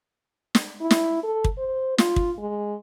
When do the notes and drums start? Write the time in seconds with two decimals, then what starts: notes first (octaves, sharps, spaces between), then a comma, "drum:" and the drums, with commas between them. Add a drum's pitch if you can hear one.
0.55 drum: snare
0.81 E4
0.91 drum: snare
1.23 A4
1.44 drum: kick
1.58 C5
1.98 F4, drum: snare
2.16 drum: kick
2.38 G#3